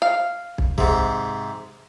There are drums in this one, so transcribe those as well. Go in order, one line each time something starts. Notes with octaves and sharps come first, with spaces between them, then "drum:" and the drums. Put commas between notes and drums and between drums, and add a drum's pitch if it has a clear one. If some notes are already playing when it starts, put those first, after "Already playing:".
F5
drum: kick
G#2 C3, drum: kick